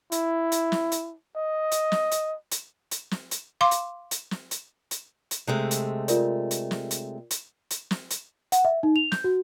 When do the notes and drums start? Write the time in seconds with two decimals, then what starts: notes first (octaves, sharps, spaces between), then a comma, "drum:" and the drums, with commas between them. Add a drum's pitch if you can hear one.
0.12 E4, drum: hi-hat
0.52 drum: hi-hat
0.72 drum: snare
0.92 drum: hi-hat
1.36 D#5
1.72 drum: hi-hat
1.92 drum: snare
2.12 drum: hi-hat
2.52 drum: hi-hat
2.91 drum: hi-hat
3.11 drum: snare
3.31 drum: hi-hat
3.61 F5 C6 D6
3.71 drum: hi-hat
4.11 drum: hi-hat
4.31 drum: snare
4.51 drum: hi-hat
4.91 drum: hi-hat
5.31 drum: hi-hat
5.47 C3 G#3 A3
5.71 drum: hi-hat
6.08 F4 A#4 D5, drum: hi-hat
6.51 drum: hi-hat
6.71 drum: snare
6.91 drum: hi-hat
7.31 drum: hi-hat
7.71 drum: hi-hat
7.91 drum: snare
8.11 drum: hi-hat
8.52 F#5, drum: hi-hat
8.65 E5
8.83 D#4
8.96 F7
9.12 G6, drum: snare
9.24 F#4